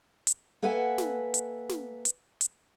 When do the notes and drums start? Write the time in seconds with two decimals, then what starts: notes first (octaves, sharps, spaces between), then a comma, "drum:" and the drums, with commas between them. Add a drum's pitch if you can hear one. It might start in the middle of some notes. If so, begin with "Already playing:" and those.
0.27 drum: hi-hat
0.62 A#3 A4 B4 E5 F#5 G#5
0.98 drum: snare
1.34 drum: hi-hat
1.69 drum: snare
2.05 drum: hi-hat
2.41 drum: hi-hat